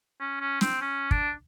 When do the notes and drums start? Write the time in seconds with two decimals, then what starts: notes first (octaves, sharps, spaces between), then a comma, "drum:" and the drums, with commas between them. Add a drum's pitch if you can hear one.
0.20 C#4
0.40 C#4
0.61 C4, drum: snare
0.81 C#4
1.11 D4, drum: kick